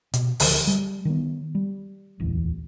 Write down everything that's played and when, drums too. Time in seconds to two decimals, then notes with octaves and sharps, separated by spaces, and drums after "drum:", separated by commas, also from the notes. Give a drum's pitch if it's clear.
0.14 B2, drum: hi-hat
0.40 D1 D3 D#3 F3, drum: open hi-hat
0.67 G3
1.05 D#3 B3
1.55 G3
2.20 D1 A#1 E2